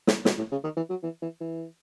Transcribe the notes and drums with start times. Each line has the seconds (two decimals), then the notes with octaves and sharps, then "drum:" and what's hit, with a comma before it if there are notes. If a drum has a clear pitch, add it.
0.07 drum: snare
0.25 B2, drum: snare
0.38 A2
0.51 C#3
0.64 D#3
0.77 E3
0.90 F#3
1.03 E3
1.22 E3
1.41 E3